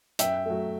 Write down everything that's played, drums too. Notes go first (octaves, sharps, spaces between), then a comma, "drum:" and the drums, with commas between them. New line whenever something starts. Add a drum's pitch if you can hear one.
F#2 E5 G5, drum: hi-hat
F#3 A3